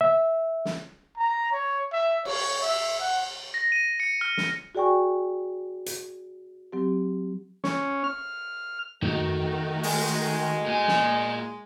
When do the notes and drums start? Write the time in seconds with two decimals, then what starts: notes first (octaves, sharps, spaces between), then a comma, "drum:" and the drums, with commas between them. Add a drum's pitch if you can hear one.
0.01 E5
0.65 drum: snare
1.17 A#5
1.52 C#5
1.92 E5
2.25 C#5, drum: cymbal
2.61 E5
2.99 F#5
3.54 A#6
3.72 D#7
4.00 C#7
4.21 F6
4.37 drum: snare
4.75 F#4 G#4 D5 G5 G#5 C#6
5.86 drum: hi-hat
6.73 F#3 C4 G4
7.64 C#4, drum: snare
8.04 F6
9.02 D#3 A3 D#4 F#4, drum: tom
9.83 G#3, drum: open hi-hat
10.66 A#2 G#5
10.88 drum: snare